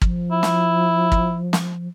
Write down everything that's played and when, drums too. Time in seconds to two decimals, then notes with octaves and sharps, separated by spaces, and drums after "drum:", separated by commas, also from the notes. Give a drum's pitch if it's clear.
0.02 F3, drum: kick
0.32 E4
0.43 drum: snare
1.12 drum: kick
1.53 drum: snare